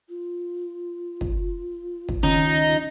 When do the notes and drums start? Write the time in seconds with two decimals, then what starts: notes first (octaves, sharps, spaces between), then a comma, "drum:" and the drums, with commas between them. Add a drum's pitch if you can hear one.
0.09 F4
1.21 drum: kick
2.09 drum: kick
2.23 C#2 D#3 C#4 D#4